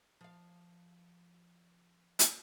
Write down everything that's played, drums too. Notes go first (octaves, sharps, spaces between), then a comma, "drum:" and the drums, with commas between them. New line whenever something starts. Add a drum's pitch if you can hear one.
F3 F5
drum: hi-hat